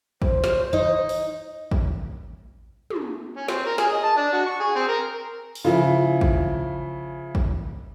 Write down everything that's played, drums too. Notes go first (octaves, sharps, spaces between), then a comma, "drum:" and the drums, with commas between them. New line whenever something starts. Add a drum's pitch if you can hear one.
C5, drum: kick
drum: snare
D#4 D#5
drum: open hi-hat
drum: kick
drum: tom
C#4
C4, drum: snare
A#4
G#4, drum: snare
D#5
A5
D4
F#4
C#6
G#4
C4
A#4
drum: open hi-hat
C#3 F3 E4
drum: kick
drum: kick